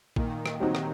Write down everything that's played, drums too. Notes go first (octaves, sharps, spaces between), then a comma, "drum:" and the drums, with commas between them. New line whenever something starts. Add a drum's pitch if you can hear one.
A#2 D#3, drum: kick
drum: rim click
F#3 G3 C4 D#4 F#4
drum: rim click